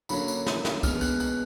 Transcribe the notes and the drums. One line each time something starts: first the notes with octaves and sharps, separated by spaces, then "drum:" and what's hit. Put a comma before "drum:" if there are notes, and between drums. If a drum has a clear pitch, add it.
D3 F#3 A#3 C#4 B5, drum: tambourine
drum: tambourine
drum: snare
drum: snare
B2 G#3 B3 F6, drum: kick C2, tambourine
F#6, drum: tambourine
F#6, drum: tambourine